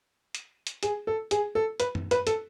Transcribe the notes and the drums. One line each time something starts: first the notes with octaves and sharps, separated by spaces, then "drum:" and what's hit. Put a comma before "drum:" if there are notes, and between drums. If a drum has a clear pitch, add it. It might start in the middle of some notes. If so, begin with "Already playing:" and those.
drum: hi-hat
drum: hi-hat
G#4, drum: hi-hat
A4
G#4, drum: hi-hat
A4
B4, drum: hi-hat
drum: tom F#2
B4, drum: hi-hat
A4, drum: hi-hat